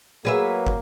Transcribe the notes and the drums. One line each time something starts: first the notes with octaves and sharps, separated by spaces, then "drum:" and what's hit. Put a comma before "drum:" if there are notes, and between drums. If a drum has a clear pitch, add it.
F#3 A#3 G#4 B4 E5
drum: kick